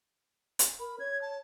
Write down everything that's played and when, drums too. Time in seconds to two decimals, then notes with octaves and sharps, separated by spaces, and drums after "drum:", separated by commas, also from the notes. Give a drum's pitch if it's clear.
0.59 drum: hi-hat
0.80 A#4 B5
1.00 C#5 G#6
1.22 A5